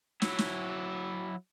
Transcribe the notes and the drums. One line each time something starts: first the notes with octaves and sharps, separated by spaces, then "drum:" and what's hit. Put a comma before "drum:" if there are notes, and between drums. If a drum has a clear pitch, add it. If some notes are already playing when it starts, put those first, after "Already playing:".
F#3 E4, drum: snare
drum: snare